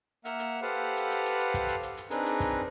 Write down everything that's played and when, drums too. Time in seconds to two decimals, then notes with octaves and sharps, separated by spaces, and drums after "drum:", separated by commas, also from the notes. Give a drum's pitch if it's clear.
0.25 A#3 E5 F#5 F6, drum: hi-hat
0.39 drum: hi-hat
0.62 G4 A4 B4 C5 F5 F#5
0.97 drum: hi-hat
1.11 drum: hi-hat
1.25 drum: hi-hat
1.40 drum: hi-hat
1.54 drum: kick, hi-hat
1.68 drum: hi-hat
1.83 drum: hi-hat
1.97 drum: hi-hat
2.10 C4 D4 D#4 G#4 A#4 B4, drum: hi-hat
2.26 drum: hi-hat
2.40 drum: kick, hi-hat